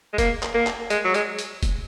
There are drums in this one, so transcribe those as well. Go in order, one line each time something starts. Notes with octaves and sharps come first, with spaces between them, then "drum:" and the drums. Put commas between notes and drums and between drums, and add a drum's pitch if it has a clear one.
G#3
A#3, drum: kick, hi-hat
drum: clap
A#3
drum: clap
G#3, drum: hi-hat
F#3
G#3, drum: hi-hat
drum: hi-hat
drum: kick, hi-hat